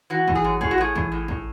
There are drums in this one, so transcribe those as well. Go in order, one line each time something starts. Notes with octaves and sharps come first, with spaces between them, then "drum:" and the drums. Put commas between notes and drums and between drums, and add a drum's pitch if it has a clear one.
E3 F#4
E3, drum: kick
G#4
F#2
A2 G#4, drum: kick
F#4
A2 G#4
E3, drum: kick
A2
A2, drum: kick